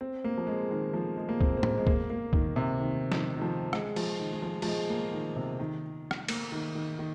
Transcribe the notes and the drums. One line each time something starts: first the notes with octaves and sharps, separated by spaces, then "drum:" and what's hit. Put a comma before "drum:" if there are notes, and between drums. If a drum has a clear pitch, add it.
C4
A#3
F3
G#3
D#3
F3
G#3
A#3
C4, drum: kick
C4
A#3, drum: tom A2
G#3
A#3, drum: kick
A#3
D#3, drum: kick
C3
D#3
D#3, drum: snare
D#3
F3
G#3, drum: rim click
F3, drum: cymbal
D#3
G#3
F3
F3, drum: cymbal
G#3
A#3
D#3
C3
D#3
drum: rim click
A#3, drum: cymbal
D#3
D#3
D#3